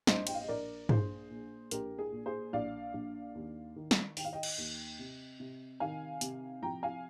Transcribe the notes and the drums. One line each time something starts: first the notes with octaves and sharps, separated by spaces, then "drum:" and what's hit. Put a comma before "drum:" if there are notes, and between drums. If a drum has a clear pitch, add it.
A#1 C5 D#5, drum: snare
G5, drum: cymbal
F5
D#5
A#1 A#4 D5
A#1 G#4 C5, drum: tom
A#2
A#1 G4 A#4, drum: hi-hat
G#4
A#2
G#4 C5
A#1 D5 F5
A#1
D#2
D#3
drum: snare
D#3 G5, drum: open hi-hat
F5
D#5 G5
drum: cymbal
D#2
C3
C3
D#3 F5 G#5
C3, drum: hi-hat
F3 G5 A#5
F5 G#5